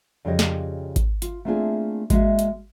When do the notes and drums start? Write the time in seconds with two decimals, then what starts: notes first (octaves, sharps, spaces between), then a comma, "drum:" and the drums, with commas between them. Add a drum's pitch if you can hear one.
0.25 F2 C#3 G3 G4 C#5 D#5
0.39 drum: snare
0.96 drum: kick G#1, hi-hat
1.22 F4, drum: hi-hat
1.45 A3 A#3 C4 D4 F4 G#4
2.10 G#3 A#3 F#4 E5, drum: kick G#1, hi-hat
2.39 drum: hi-hat